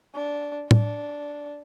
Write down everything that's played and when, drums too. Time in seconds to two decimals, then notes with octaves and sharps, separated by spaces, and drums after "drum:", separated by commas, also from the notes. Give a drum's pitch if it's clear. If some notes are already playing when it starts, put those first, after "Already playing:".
0.15 D4
0.71 D4, drum: tom A2